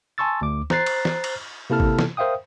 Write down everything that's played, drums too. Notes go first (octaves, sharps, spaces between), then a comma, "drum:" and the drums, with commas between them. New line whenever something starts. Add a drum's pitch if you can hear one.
G#5 A5 C6 C#6 E6 A6
D2 D6
C5 A#5 F#6 A6 C7, drum: snare
drum: cymbal
drum: snare
drum: cymbal
C3 A#3 E4 A4 A5 F6
drum: kick G#1
drum: snare
A#4 C5 E5 F5 G5 D#6